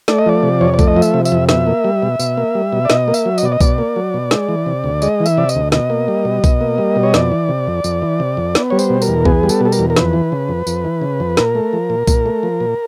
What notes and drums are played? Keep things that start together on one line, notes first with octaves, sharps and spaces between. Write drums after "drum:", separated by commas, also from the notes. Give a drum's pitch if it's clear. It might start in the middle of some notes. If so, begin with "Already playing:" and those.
A3 D5, drum: snare
D#5
F3 D5
C3
F2 C#5
D5
A3, drum: kick B1, tambourine
D#5
F3
E5, drum: tambourine
C3
E5, drum: tambourine
F2
B2 E5, drum: snare
A#3
G3
B2
B2, drum: tambourine
A#3
G3
B2
D5
B2 D#5, drum: snare
A#3
E5, drum: tambourine
F#3
D#5, drum: tambourine
B2 D5
D#5
B2 D5, drum: kick B1, tambourine
A#3
F#3
B2
G#3, drum: snare
E3
C3
D2
G#3 D#5, drum: tambourine
E3
E5, drum: tambourine
C3 D5
D#5, drum: tambourine
D2
B2 D#5, drum: snare
A#3
G3
B2
B2, drum: kick B1, tambourine
A#3
G3
B2
C#5
F2 D5, drum: snare
E3
C3
F2
F2, drum: tambourine
E3
C3
F2
B3, drum: snare
G3 C#5
C5, drum: tambourine
B2
A#4, drum: tambourine
E2
B3 G#4, drum: kick B1
G3
A4, drum: tambourine
B2 A4
A#4, drum: tambourine
E2
A#4
F2 B4, drum: snare
E3
C#3
F2
F2, drum: tambourine
E3
C#3
F2
A#2 A#4, drum: snare
A3
F3
A#2
A#2, drum: kick B1, tambourine
A3
F3
A#2